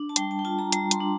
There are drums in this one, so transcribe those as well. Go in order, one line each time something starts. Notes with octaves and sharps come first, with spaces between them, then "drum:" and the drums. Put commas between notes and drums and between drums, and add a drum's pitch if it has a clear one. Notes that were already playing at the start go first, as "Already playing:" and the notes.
Already playing: D4
A5
G3 G5, drum: hi-hat
A5
G5
F4 A5
A#5
G3 A#5, drum: hi-hat
C6, drum: hi-hat
D4